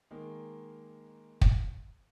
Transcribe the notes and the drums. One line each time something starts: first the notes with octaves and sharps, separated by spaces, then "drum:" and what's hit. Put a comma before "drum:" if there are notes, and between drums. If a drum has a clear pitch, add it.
D#3 G#3 A#3
drum: kick